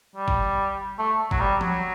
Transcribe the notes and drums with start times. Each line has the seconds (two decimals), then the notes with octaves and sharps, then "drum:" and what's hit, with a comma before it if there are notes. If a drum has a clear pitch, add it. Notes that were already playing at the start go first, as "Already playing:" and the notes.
0.16 G3
0.28 drum: kick G1
0.99 A3
1.31 F#3, drum: kick G1
1.40 G3
1.61 F#3, drum: tom F3